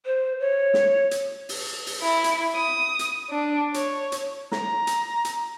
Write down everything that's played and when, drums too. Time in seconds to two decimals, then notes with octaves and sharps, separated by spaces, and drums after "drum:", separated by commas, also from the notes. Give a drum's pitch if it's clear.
0.06 C5
0.40 C#5
0.74 drum: snare
1.11 drum: hi-hat
1.49 drum: open hi-hat
1.86 drum: open hi-hat
2.01 E4
2.24 drum: hi-hat
2.56 D#6
2.99 drum: hi-hat
3.29 D4
3.74 C#5, drum: hi-hat
4.12 drum: hi-hat
4.52 A#5, drum: snare
4.87 drum: hi-hat
5.25 drum: hi-hat